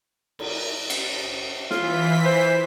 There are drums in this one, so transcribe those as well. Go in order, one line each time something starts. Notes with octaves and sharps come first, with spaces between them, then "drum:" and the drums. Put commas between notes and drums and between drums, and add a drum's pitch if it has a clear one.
drum: cymbal
drum: cymbal
E3 F4 B6, drum: snare
C5